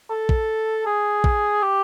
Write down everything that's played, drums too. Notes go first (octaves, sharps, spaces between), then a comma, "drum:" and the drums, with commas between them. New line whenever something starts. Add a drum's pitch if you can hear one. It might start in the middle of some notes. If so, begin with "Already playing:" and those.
A4
drum: kick
G#4
drum: kick
G4